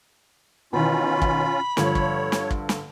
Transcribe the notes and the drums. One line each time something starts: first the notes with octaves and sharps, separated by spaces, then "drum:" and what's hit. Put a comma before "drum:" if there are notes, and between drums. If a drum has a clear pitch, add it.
B2 D#3 E3 C#4 F4 B5
drum: kick
G2 D3 F3 C#5, drum: snare
drum: kick
drum: snare
drum: kick
drum: snare